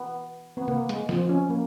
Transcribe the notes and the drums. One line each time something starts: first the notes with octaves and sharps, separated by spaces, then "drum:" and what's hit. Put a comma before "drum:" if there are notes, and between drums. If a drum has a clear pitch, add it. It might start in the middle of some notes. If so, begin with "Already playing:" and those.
Already playing: B3
B3
A#3, drum: tom C3
G#3, drum: hi-hat
F3, drum: snare
C#4
A#3